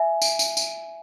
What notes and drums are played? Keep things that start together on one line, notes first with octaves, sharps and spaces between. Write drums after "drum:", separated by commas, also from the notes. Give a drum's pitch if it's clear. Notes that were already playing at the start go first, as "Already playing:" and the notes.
Already playing: E5 G#5
drum: tambourine
drum: tambourine
drum: tambourine